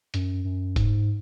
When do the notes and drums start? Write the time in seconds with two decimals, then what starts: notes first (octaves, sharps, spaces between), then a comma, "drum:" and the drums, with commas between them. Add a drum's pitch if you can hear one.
0.14 F#2, drum: hi-hat
0.44 F#2
0.76 G#2, drum: kick F1, hi-hat